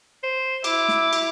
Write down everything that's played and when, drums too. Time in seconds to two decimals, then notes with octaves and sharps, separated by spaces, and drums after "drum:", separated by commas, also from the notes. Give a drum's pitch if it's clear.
0.23 C5
0.64 E4 D6, drum: cymbal
0.88 drum: snare
1.13 drum: cymbal